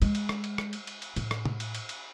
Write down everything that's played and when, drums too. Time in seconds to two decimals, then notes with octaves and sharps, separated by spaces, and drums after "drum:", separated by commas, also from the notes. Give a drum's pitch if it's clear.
0.02 G#3, drum: cymbal
0.15 drum: cymbal
0.29 drum: rim click
0.44 drum: cymbal
0.58 drum: rim click
0.73 drum: cymbal
0.87 drum: cymbal
1.02 drum: cymbal
1.16 A2, drum: cymbal
1.31 drum: rim click
1.45 drum: tom
1.60 drum: cymbal
1.75 drum: cymbal
1.89 drum: cymbal